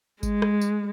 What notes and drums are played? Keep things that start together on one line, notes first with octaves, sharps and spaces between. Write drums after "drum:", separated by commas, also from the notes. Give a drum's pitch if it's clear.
G#3, drum: kick G#1, tambourine
drum: rim click
drum: tambourine